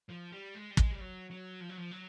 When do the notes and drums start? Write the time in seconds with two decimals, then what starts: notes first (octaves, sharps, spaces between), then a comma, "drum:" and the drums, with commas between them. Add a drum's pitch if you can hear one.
0.09 F3
0.32 G3
0.55 G#3
0.71 G3
0.77 G#3, drum: kick
0.91 G3
1.00 F#3
1.30 F#3
1.60 F3
1.69 F#3
1.78 F3
1.91 F#3